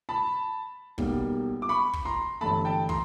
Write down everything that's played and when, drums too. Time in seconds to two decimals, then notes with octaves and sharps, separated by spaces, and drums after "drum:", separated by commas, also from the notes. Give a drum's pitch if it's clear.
0.09 A5 B5
0.98 B1 B2 G3 A#3, drum: kick
1.62 D6
1.69 B5 C#6
1.93 drum: kick
2.05 A#5 C6
2.41 G1 G2 E3 A3 A5 B5
2.65 G5 A5
2.89 A#5 C6, drum: kick